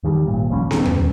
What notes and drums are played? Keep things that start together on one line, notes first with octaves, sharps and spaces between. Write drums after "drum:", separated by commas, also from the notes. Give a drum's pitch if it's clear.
E2 D#3 G3
G#1 A#2
D#1 F3 G3 C#4
drum: snare B3
drum: tom